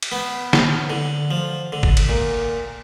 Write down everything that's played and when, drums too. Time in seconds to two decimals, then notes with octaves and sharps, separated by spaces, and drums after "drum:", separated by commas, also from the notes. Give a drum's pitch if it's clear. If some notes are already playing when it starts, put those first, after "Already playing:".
0.03 drum: cymbal
0.12 B3
0.53 drum: snare
0.90 D3
1.31 F3
1.72 D3
1.83 drum: kick
1.97 drum: cymbal
2.09 A#2